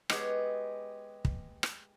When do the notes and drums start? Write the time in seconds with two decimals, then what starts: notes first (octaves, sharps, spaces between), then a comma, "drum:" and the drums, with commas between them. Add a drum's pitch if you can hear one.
0.10 G#3 B3 G4 G#4 C#5, drum: rim click
1.25 drum: kick
1.63 drum: rim click